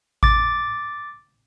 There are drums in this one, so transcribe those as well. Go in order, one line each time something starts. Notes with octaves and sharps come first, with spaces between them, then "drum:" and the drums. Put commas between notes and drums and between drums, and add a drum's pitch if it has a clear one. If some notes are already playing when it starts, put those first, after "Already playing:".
D6 A6, drum: kick G#1